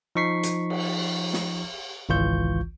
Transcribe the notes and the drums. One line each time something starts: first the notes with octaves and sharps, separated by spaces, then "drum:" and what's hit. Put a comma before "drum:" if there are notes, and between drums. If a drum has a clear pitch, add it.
F3 D#4 C#6 B6 C7
drum: hi-hat
drum: cymbal
drum: snare
G#1 C#2 E3 F4 C#6 G6